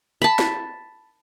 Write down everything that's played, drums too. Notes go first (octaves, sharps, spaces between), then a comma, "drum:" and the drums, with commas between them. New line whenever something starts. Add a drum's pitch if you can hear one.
A5 B5
drum: snare